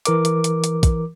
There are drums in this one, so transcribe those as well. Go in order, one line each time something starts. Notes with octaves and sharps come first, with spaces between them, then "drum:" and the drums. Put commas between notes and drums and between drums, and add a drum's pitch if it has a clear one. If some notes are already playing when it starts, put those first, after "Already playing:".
E3 A#4 D6, drum: hi-hat
drum: hi-hat
drum: hi-hat
drum: hi-hat
drum: kick, hi-hat